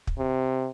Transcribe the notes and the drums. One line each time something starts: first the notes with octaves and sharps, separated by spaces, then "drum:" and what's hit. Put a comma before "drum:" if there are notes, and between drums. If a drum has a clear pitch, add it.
drum: kick
C3